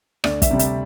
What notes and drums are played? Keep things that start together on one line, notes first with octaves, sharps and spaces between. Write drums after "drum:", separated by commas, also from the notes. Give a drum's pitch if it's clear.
D2 D5, drum: rim click
E5, drum: kick, hi-hat
C3 G3
E5, drum: hi-hat